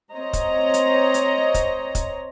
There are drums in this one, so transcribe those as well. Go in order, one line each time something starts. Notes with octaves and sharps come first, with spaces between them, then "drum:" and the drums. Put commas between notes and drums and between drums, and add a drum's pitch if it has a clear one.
C4 C5 C#5 D#5 A#5
drum: kick, hi-hat
drum: hi-hat
drum: hi-hat
drum: kick, hi-hat
drum: kick, hi-hat